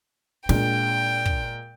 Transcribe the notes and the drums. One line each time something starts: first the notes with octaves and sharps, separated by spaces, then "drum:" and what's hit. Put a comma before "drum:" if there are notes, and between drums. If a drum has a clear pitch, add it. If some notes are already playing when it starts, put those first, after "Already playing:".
A#2 G#3 D4 G5, drum: snare
drum: kick